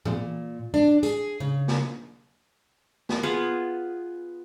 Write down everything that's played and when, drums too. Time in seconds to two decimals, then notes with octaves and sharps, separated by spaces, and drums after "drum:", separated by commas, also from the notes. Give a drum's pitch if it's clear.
0.05 A#2, drum: tom E3
0.74 D4
1.03 G#4, drum: hi-hat
1.40 C#3
1.68 drum: snare
3.09 drum: snare
3.23 B3 F4 G#4